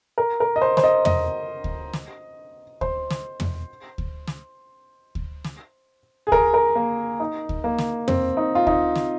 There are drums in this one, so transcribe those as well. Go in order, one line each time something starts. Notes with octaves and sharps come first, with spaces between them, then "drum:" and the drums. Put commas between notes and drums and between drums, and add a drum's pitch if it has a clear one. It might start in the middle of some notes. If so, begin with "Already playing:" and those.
A#4
A#4
D#5
C5
C5, drum: snare
D#5
D#5, drum: tom
drum: kick D2
drum: snare
C5, drum: kick D2
drum: snare
drum: tom
drum: kick D2
drum: snare
drum: kick D2
drum: snare
G#4
A#4, drum: kick D2
A#4
A#3
D#4
drum: kick D2
A#3
drum: snare
C4, drum: tom
D#4
F4
D#4, drum: kick D2
drum: snare